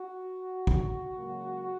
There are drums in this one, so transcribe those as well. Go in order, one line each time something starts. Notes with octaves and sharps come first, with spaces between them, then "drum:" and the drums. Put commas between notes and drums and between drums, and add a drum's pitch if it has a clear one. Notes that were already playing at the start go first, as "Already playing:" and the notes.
Already playing: F#4
drum: kick
C#2 C#3 F#3 A#3